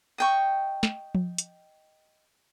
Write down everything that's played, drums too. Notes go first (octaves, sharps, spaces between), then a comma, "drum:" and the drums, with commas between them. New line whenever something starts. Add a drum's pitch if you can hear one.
D#5 G5 C#6
drum: snare
drum: tom F3
drum: hi-hat